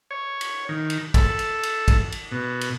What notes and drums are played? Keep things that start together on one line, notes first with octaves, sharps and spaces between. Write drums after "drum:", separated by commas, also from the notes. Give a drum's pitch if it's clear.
C#5
drum: cymbal
D#3
drum: cymbal
A4, drum: kick, cymbal
drum: cymbal
drum: cymbal
drum: kick, cymbal
drum: cymbal
B2
drum: cymbal